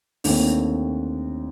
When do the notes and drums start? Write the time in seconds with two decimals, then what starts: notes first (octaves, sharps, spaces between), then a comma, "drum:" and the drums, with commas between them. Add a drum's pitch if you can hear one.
0.24 D#2 D3 A3 C4, drum: open hi-hat